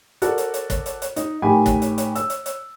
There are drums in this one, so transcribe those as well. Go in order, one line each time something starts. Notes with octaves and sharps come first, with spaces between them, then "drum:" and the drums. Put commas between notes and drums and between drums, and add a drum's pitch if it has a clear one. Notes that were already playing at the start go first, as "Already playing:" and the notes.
F#4 A4 A#4 D5, drum: hi-hat
drum: hi-hat
drum: hi-hat
drum: kick, hi-hat
drum: hi-hat
drum: hi-hat
D#4, drum: hi-hat
A2 D#3 G4 G#5 B5
drum: kick, hi-hat
drum: hi-hat
drum: hi-hat
E6, drum: hi-hat
drum: hi-hat
drum: hi-hat